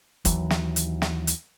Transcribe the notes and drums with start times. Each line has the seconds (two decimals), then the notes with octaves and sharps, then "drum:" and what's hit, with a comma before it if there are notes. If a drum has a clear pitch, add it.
0.25 D#2 E3 F#3, drum: kick, hi-hat
0.50 drum: snare
0.76 drum: hi-hat
1.02 drum: snare
1.27 drum: hi-hat